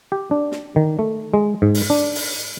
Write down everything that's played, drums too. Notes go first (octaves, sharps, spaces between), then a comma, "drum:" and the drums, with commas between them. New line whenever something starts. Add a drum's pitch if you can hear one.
G4
D4
drum: snare
D#3
A3
G#3
G#2
drum: open hi-hat
D4
drum: open hi-hat